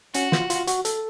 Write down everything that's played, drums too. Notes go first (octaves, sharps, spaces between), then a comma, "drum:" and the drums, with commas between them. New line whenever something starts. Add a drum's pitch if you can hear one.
C#4 F#4, drum: hi-hat
F4, drum: snare
F4, drum: hi-hat
F#4, drum: hi-hat
A4, drum: hi-hat